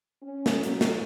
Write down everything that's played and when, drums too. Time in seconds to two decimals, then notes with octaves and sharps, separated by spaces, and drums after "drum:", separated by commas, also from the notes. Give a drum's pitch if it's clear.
0.22 C#4
0.46 drum: snare
0.63 F#3, drum: hi-hat
0.81 drum: snare